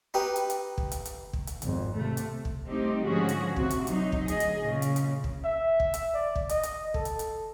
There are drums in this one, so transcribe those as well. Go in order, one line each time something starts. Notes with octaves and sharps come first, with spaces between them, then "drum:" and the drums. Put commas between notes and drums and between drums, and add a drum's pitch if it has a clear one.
D#4 G4 B4
drum: hi-hat
drum: hi-hat
drum: kick
drum: hi-hat
drum: hi-hat
drum: kick
drum: hi-hat
G#1 F2, drum: hi-hat
C3 A3
drum: hi-hat
drum: kick
G3 A3 C4 D#4 G4
G#2 D3 F3 C#4 F#4 G#4
drum: hi-hat
C3 F#4, drum: kick
drum: hi-hat
F#3 D#4, drum: hi-hat
drum: kick
D2 G#4 D#5, drum: hi-hat
drum: hi-hat
A#2 C#3
drum: hi-hat
drum: hi-hat
drum: kick
E5
drum: kick
drum: hi-hat
D5
drum: kick
D#5, drum: hi-hat
drum: hi-hat
A4, drum: kick
drum: hi-hat
drum: hi-hat